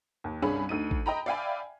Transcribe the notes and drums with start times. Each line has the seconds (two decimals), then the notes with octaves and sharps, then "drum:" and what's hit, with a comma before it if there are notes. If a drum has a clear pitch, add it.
0.24 D#2
0.42 C2 G2 C#4 D4 G#4 B5
0.69 D2 D#4 D#7
0.91 drum: kick
1.06 D#5 G5 A#5 B5
1.26 D5 E5 F5 G5 G#5 B5